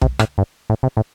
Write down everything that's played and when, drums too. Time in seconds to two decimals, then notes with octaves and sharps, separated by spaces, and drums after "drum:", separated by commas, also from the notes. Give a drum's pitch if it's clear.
0.01 C3, drum: kick
0.19 A2, drum: rim click
0.38 G2
0.70 A2
0.83 C3
0.97 A2